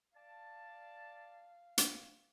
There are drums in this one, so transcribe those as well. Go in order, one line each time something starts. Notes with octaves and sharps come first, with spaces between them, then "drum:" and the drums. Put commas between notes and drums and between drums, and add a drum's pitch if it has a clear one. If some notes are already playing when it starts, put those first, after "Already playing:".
D5 F5 A5
drum: hi-hat